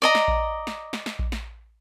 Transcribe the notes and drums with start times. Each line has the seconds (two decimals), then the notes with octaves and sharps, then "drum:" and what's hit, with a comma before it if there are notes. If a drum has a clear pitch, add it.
0.02 D5 D#5 A#5
0.15 drum: snare
0.28 drum: kick A#1
0.67 drum: snare
0.93 drum: snare
1.06 drum: snare
1.19 drum: kick A#1
1.32 drum: snare